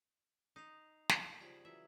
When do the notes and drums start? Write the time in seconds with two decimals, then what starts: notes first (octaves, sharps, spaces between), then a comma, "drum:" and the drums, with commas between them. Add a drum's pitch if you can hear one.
0.56 D#4 D#6 C7 F7
1.09 drum: snare
1.41 C#3 F3 G3 G#6 B6 F#7
1.65 E3 F#3 E5